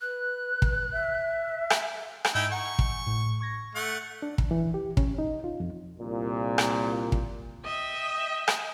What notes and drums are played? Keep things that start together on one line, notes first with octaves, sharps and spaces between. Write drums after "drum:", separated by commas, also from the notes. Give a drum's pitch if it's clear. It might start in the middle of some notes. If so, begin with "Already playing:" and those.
B4 F#6
drum: kick
E5
drum: rim click
drum: rim click
G#2 D#4 E4 G5
F#5 G#5 A#5 C#6
drum: kick
A2
C#6 G#6 A#6
A3 F#5
D4
D2, drum: kick
E3
G4
C#4, drum: kick
D#4
F4
F2
C2 A#2
drum: rim click
drum: kick
D#5 E5 G5
drum: rim click